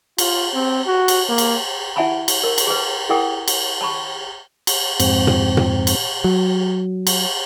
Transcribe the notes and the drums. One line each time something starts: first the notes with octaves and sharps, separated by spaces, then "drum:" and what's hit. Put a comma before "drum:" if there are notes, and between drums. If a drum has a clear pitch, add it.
F4, drum: cymbal
C4
F#4
drum: cymbal
A#3
drum: cymbal
E4 E5 F#5 G#5 A5 B5
drum: cymbal
A#4
drum: cymbal
G#4 B4
E4 G#4 A#4 F#5 G5 D#6
drum: cymbal
A5 B5 C#6
drum: cymbal
F2 G#2 C4, drum: cymbal
drum: tom A#2
drum: tom A#2
drum: cymbal
F#3
drum: cymbal